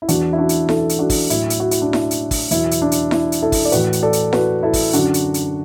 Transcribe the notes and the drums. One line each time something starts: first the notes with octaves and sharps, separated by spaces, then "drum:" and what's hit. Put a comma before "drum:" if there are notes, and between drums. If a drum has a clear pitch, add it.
E4
E2 E3 D4 F#4, drum: hi-hat
E4
D4 F#4
drum: hi-hat
E4 A4, drum: snare E4
drum: hi-hat
D4 F#4
drum: kick, open hi-hat
A2 F#3 E4, drum: hi-hat
drum: hi-hat
F#4
E4, drum: hi-hat
D4
E4, drum: snare E4
drum: hi-hat
drum: kick, open hi-hat
E2 B2 F#3 E4, drum: hi-hat
drum: hi-hat
D4
drum: hi-hat
E4, drum: snare E4
drum: hi-hat
E4 A4
drum: kick, open hi-hat
D5
A2 E3 F#4 B4, drum: hi-hat
drum: hi-hat
A4 D5
drum: hi-hat
F#4 B4, drum: snare E4
E4 A4
drum: kick, open hi-hat
F#2 D3 F#3 D4 F#4, drum: hi-hat
drum: hi-hat
drum: hi-hat